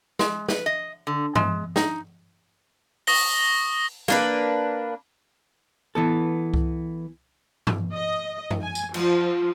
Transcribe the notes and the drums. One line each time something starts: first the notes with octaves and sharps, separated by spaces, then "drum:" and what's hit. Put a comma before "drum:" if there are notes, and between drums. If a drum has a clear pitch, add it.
G#3, drum: snare
B4, drum: snare
D#5
D3
G#3, drum: tom G2
D#4, drum: snare
C#6 D#6 A#6 G7, drum: open hi-hat
A#3 D4 B4, drum: snare
E3 B3 A4
drum: kick C2
drum: tom G2
D#5
drum: tom F#2
G#5
drum: tambourine
F3, drum: cymbal